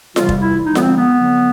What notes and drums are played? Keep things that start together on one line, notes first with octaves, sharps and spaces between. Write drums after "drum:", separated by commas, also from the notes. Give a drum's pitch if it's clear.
C3 E3 G3 F4, drum: snare F4
drum: kick F1
E4
D3 F3 G#3 D#4
B3, drum: snare F4
C4
B3
D3 F#3 A3